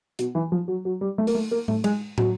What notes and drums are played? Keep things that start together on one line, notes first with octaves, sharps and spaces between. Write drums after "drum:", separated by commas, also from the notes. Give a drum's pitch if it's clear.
B2, drum: hi-hat
E3
F3
F#3
F#3
G3
A3
A#3, drum: open hi-hat
A3
A#3
A3, drum: tom A2
G#3, drum: cymbal
F#3, drum: tom